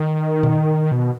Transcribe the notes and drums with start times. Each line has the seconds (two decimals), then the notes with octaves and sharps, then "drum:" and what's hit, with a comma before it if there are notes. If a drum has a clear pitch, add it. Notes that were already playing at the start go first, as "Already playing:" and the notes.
Already playing: D#3
0.43 drum: tom A#2
0.92 B2